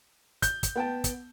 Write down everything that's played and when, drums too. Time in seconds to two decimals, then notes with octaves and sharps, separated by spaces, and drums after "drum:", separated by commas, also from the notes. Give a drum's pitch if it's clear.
0.42 G6, drum: kick, hi-hat
0.63 drum: kick, hi-hat
0.76 B3 G5 A5
1.04 drum: kick, hi-hat